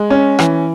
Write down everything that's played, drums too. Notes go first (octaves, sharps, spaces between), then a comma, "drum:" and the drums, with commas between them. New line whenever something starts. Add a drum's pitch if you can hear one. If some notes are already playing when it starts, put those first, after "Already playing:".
Already playing: G#3
C#4
E3, drum: rim click